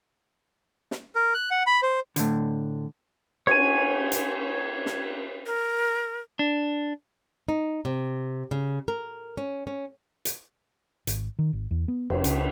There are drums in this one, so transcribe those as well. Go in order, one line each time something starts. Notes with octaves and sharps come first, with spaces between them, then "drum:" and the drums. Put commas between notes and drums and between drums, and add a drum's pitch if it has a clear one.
drum: snare
A#4
F#6
F#5
B5
C5
A2 D3, drum: hi-hat
C#5 G#5 G#6, drum: cymbal
drum: hi-hat
drum: snare
A#4
D4
D#4
C3
C#3
A#4
C#4
C#4
drum: hi-hat
G#1, drum: hi-hat
D#3
G#1
E2
B3
F1, drum: cymbal
C#2, drum: hi-hat